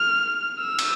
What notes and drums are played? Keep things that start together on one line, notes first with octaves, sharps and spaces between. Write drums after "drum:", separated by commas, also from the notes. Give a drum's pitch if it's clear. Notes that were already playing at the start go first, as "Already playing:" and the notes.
Already playing: F6
E6
drum: cymbal